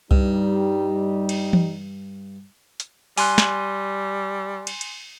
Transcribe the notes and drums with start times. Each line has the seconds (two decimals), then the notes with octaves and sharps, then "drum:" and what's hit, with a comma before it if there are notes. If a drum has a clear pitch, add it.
0.11 G2 G3 D#4, drum: kick C2
1.29 drum: cymbal
1.53 drum: tom E3
2.80 drum: hi-hat
3.18 G3 G#5 C6 F#6, drum: open hi-hat
3.38 drum: snare
4.67 drum: cymbal
4.81 drum: cymbal